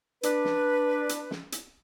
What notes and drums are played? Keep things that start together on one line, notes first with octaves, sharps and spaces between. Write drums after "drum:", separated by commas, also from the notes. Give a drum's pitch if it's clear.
D4 B4, drum: hi-hat
drum: snare
drum: hi-hat
drum: snare
drum: hi-hat